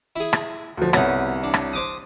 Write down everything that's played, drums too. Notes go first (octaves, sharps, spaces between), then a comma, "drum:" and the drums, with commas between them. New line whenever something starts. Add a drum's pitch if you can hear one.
E4 G#4
drum: rim click
D2 F3
C2 B3 C#5, drum: rim click
D4
drum: rim click
C5 D6 D#6